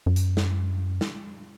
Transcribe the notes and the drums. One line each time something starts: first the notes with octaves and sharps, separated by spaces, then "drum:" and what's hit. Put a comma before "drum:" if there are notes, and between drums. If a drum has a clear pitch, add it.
F#2
drum: hi-hat
drum: snare
drum: snare